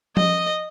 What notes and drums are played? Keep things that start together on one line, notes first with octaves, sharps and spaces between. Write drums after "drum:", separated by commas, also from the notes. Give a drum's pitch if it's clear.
D#5, drum: tom F3